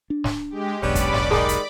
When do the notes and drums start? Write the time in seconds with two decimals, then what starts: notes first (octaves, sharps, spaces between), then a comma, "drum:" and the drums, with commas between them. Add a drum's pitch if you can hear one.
0.10 D4
0.24 drum: snare
0.50 G#3 G4
0.83 E1 B1 B3 C#4 D4 D5 B5 D6
0.95 drum: kick, hi-hat
1.13 drum: snare
1.31 D#3 G#3 G#4 G#5 A5, drum: snare
1.49 drum: hi-hat